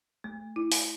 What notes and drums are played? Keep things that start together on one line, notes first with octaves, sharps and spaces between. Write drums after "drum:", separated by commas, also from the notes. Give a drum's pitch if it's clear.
A3
E4
drum: open hi-hat